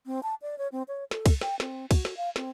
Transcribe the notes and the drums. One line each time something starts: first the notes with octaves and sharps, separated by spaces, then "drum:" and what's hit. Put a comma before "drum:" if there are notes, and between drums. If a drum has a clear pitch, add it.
C4
A5
D5
C#5
C4
C#5
A4, drum: snare
drum: kick, cymbal
G5, drum: snare
C4, drum: snare
F#4, drum: kick, cymbal
drum: snare
F5
C4, drum: snare